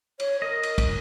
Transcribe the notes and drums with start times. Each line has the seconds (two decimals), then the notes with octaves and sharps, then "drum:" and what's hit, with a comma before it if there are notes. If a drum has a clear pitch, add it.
0.20 C#5, drum: cymbal
0.42 A#4 D#5
0.63 drum: cymbal
0.78 drum: kick, cymbal